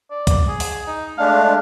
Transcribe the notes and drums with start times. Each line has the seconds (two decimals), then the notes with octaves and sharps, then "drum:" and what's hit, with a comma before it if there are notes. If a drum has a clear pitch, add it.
0.11 D5
0.27 drum: kick, hi-hat
0.48 G#4
0.60 drum: open hi-hat
0.87 D#4
1.18 G#3 A3 D4 F5